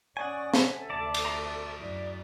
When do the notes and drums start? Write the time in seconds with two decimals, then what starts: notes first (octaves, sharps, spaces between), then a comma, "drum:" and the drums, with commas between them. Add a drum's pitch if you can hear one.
0.17 C#4 D5 F#5 G#5 C#6 D#6
0.54 A4 E5, drum: snare
0.90 D2 C3 D5 A5
1.14 drum: cymbal
1.25 A#5 C6
1.79 F#2 E4 D5